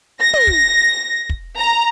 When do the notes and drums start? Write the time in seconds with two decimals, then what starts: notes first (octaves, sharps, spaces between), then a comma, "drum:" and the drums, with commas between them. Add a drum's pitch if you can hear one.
0.20 A#6
0.34 drum: tom
0.47 drum: kick
1.29 drum: kick
1.57 A#5